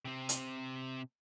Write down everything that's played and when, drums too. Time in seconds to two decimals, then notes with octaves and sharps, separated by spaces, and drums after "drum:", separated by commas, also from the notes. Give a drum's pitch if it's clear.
0.05 C3 C4
0.29 drum: hi-hat